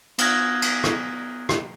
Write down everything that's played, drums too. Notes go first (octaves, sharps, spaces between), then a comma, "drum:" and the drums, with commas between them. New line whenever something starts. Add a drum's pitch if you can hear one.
B3 D#6 F6 F#6 G#6 A#6, drum: cymbal
drum: cymbal
drum: rim click
drum: rim click